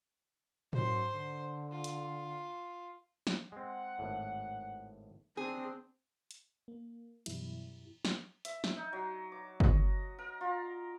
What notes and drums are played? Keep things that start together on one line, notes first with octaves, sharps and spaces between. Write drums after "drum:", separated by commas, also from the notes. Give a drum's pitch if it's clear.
F#2 C5 C6, drum: tom G#2
D3
F4
drum: hi-hat
drum: snare
G#3 C4 F#5
G#1 A2
C4 D4 G#4
drum: hi-hat
A#3
F#2 B2 E3 G3 E4, drum: cymbal
drum: snare
E5, drum: hi-hat
drum: snare
D#4
F#3
D6
D#5, drum: kick
A#4
F4